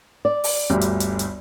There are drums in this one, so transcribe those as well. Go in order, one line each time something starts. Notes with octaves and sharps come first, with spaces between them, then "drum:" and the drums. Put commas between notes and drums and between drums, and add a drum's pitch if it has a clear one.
D5
drum: open hi-hat
G1 D2 G4
drum: hi-hat
drum: hi-hat
drum: hi-hat